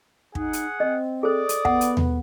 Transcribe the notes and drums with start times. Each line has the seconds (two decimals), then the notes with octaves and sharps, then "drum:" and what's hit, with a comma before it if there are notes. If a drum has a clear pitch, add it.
0.35 D#4 G#4 F#5, drum: kick
0.53 drum: hi-hat
0.80 C4 D#5
1.23 G#4 A4 C5 D5 D#6
1.49 drum: hi-hat
1.65 B3 F#5, drum: kick
1.81 drum: hi-hat
1.97 drum: tom D#2